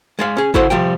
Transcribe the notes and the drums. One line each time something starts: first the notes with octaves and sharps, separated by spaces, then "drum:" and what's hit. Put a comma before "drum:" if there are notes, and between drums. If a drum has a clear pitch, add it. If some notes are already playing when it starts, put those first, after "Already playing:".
G#3 D5 F5
C#4 G#4
C#3 E4 F#4 A4 C5 F#5, drum: kick G#1
C3 F3 G3 G5